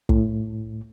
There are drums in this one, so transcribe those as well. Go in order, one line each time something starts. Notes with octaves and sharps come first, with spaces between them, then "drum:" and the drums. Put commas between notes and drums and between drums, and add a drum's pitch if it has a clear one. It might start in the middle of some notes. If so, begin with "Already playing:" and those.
A2, drum: kick